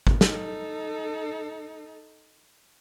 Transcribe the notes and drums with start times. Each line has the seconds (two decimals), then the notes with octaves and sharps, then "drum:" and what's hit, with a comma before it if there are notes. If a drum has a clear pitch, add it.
0.07 drum: kick G#1
0.21 D#4 A4, drum: snare